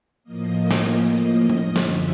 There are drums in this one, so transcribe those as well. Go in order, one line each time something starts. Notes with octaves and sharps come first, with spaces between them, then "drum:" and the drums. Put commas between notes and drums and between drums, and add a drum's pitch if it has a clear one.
A2 F3 A#3 D#5
drum: snare
drum: tom F3
F#2 D3 F3 A3 E5, drum: snare